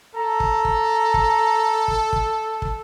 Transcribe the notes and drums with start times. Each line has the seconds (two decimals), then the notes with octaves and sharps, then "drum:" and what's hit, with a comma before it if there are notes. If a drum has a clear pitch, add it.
0.15 A4 A#5
0.40 drum: kick
0.65 drum: kick
1.14 drum: kick
1.88 drum: kick
2.13 drum: kick
2.62 drum: kick